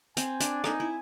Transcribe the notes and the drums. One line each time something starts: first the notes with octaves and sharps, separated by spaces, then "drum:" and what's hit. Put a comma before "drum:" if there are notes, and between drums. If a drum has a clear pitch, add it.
C4 G#5, drum: hi-hat
D4, drum: hi-hat
D#4 G#5, drum: rim click
E4